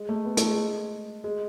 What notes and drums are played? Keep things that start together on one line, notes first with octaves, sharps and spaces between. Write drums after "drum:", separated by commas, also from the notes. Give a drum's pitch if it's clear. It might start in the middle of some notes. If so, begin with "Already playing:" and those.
Already playing: G#3
A3
B3
A3, drum: hi-hat
G#3
G#3